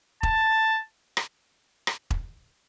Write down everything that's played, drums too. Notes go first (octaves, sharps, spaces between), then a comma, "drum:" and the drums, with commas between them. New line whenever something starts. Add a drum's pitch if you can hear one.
A5, drum: kick E1
drum: rim click
drum: rim click
drum: kick E1